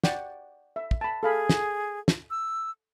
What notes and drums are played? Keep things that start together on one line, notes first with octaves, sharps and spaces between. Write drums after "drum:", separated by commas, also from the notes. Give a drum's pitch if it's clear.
D5 F#5 G5, drum: snare
E5
drum: kick
A5 B5
G#4 A4 F5 B5
drum: snare
drum: snare
E6